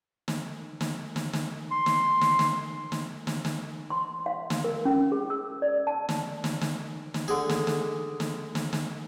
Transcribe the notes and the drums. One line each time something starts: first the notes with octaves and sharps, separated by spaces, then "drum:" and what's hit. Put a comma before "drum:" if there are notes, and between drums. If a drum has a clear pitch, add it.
drum: snare
drum: snare
drum: snare
drum: snare
C6
drum: snare
drum: snare
drum: snare
drum: snare
drum: snare
drum: snare
C6
F5
drum: snare
A#4
C#4
G#4
E6
D5
A5
drum: snare
drum: snare
drum: snare
drum: snare
D3 G#4
drum: snare
drum: snare
drum: snare
drum: snare
drum: snare